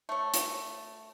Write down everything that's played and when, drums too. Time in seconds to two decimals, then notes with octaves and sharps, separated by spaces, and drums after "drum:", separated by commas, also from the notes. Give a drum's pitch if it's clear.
0.09 A3 C#5
0.34 drum: hi-hat